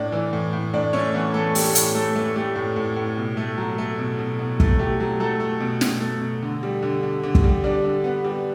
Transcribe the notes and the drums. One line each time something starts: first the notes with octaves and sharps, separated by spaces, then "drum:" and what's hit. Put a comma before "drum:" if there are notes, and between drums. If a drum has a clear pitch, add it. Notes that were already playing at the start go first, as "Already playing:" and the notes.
Already playing: A2 D4 D5
E3
A2
A2
A2 D4 D5
A3 C#4 C#5
E3 B3 B4
A3 A4
A3 G4, drum: open hi-hat
A2, drum: hi-hat
A3 A4
A3
A3 G4
A2
A2
A2
B2
A3
F#3
A3
B2
B2
B2
A3, drum: kick
A3 G4
F#3
F#3 A3 A4
A3
B2
B2, drum: snare
A3
B2
D3
G3
D3
D3
D3
drum: kick
G3
G3 D4 D5
D3
B3
G3